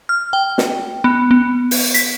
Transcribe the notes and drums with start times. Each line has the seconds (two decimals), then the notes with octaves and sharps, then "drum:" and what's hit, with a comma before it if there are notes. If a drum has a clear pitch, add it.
0.09 F6
0.33 G5
0.58 drum: snare
1.04 B3
1.31 B3
1.71 drum: open hi-hat
1.94 B6, drum: hi-hat